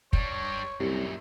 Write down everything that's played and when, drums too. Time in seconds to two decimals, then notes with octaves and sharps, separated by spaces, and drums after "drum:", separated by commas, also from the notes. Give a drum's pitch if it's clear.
0.13 G3 D4 C#5, drum: kick
0.80 C2 F#2 A#2 G4